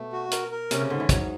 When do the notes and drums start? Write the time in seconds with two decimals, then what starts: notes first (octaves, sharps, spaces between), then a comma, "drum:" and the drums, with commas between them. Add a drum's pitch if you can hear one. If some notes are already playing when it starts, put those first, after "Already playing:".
Already playing: B2 A3
0.12 F#4
0.31 A#4, drum: hi-hat
0.51 A#4
0.71 C3 C#4, drum: hi-hat
0.81 C#3
0.90 G#2 D3
1.00 E3
1.09 G#2 F#3, drum: kick, hi-hat